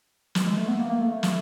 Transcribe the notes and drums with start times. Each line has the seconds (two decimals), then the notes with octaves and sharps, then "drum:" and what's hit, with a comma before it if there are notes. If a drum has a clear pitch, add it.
0.35 drum: snare
0.46 G#3
0.57 A3
0.68 B3
0.79 A#3
0.90 A#3
1.01 A3
1.12 A3
1.23 drum: snare